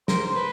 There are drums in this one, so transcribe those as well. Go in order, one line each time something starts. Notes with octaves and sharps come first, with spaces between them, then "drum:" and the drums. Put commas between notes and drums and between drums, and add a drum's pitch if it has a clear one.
A#4 C5, drum: snare
C5
B4